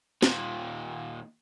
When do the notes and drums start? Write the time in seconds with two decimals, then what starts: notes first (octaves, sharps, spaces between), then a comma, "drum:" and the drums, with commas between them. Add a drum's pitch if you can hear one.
0.23 D#2 A#2, drum: snare